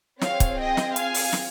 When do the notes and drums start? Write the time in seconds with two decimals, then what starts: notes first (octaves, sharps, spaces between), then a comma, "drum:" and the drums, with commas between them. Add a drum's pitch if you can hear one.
0.22 C4 F4 G#4 C#5 F5, drum: snare
0.40 drum: kick, hi-hat
0.58 D#5 G5
0.77 drum: snare
0.96 F5 G#5, drum: hi-hat
1.14 drum: open hi-hat
1.33 drum: snare